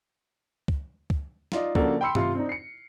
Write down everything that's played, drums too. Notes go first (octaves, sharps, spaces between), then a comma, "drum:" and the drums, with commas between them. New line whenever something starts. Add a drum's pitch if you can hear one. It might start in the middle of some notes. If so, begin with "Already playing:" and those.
drum: kick
drum: kick
D#4 F4 D5 D#5, drum: snare
C#3 F3 A#3 D4 F#4 A4, drum: kick
G5 B5 C6 E6 C#7
C3 F4 C6, drum: tom G2
C4 D4 D#4
C7 C#7